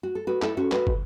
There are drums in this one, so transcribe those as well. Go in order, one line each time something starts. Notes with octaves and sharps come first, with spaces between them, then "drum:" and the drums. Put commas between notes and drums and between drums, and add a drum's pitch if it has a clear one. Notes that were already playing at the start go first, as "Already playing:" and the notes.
F#4
A4
F#4 B4
E4 A4, drum: clap
C#4 F#4
F#4 B4, drum: clap
drum: kick